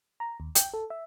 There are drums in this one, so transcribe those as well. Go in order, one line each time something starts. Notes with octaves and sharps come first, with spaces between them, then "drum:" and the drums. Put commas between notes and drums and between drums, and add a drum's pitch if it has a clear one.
A#5
D#2
G5, drum: hi-hat
A4
E5